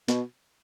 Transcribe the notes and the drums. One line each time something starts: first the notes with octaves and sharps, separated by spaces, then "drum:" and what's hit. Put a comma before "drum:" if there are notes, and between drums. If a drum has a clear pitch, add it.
B2, drum: snare